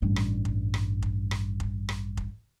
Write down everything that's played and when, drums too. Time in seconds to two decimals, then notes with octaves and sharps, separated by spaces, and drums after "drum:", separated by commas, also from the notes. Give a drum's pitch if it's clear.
0.02 A1 G2
0.16 drum: rim click
0.45 drum: kick F1
0.74 drum: rim click
1.02 drum: kick F1
1.31 drum: rim click
1.60 drum: kick F1
1.89 drum: rim click
2.17 drum: kick F1